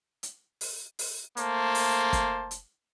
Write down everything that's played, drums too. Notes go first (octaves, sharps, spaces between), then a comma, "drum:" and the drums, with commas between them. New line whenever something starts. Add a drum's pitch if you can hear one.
drum: hi-hat
drum: open hi-hat
drum: open hi-hat
A3 A#3 C5 A5, drum: hi-hat
drum: open hi-hat
drum: kick, hi-hat
drum: hi-hat